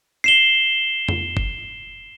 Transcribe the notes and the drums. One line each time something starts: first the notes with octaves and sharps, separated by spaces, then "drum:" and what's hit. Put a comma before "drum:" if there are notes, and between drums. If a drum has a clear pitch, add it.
C7 E7 G7
drum: tom F2
drum: kick